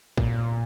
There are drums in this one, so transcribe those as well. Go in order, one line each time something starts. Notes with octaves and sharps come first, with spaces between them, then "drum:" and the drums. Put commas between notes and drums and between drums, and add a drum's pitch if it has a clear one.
A#2, drum: kick